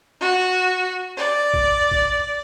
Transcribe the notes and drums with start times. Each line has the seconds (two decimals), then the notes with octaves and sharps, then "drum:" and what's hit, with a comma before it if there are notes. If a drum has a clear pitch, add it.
0.21 F#4
1.16 D5
1.54 drum: kick
1.91 drum: kick